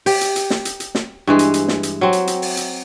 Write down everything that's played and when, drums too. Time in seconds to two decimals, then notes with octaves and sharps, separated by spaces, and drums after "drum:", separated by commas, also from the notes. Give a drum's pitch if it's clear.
0.06 G4, drum: open hi-hat
0.21 drum: hi-hat
0.36 drum: hi-hat
0.50 drum: snare
0.65 drum: hi-hat
0.80 drum: hi-hat
0.95 drum: snare
1.27 G2 E3 G#3
1.39 drum: hi-hat
1.54 drum: hi-hat
1.68 drum: snare
1.83 drum: hi-hat
2.01 F#3 C4
2.13 drum: hi-hat
2.27 drum: hi-hat
2.42 drum: open hi-hat
2.57 drum: hi-hat